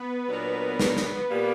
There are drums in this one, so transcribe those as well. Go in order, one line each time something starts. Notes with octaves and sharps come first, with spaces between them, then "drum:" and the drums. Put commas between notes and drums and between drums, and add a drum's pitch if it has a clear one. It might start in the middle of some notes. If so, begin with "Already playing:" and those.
Already playing: B3 B4
A#2 F#3 B3 D4 A#4
drum: snare
drum: snare
A#2 G3 A#3